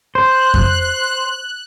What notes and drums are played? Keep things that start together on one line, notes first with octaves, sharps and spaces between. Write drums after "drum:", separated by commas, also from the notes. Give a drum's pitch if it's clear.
C5 F#6
drum: kick F2